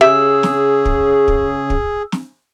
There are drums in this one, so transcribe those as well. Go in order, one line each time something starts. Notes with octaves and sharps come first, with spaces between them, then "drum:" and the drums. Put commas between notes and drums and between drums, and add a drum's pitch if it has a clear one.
C#3 G4 G#4 E5 E6
drum: snare
drum: kick
drum: kick
drum: kick
drum: snare